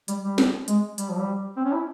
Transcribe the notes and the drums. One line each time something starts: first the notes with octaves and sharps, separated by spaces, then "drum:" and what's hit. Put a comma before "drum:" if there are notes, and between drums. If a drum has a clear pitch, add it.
G3, drum: hi-hat
G3
drum: snare
G#3, drum: hi-hat
G3, drum: hi-hat
F3
G3
C4
C#4
E4